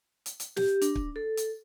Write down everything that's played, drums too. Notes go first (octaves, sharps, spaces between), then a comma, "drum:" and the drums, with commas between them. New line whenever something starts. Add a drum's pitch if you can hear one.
drum: hi-hat
drum: hi-hat
G4, drum: snare
D4, drum: hi-hat
drum: kick
A4
drum: hi-hat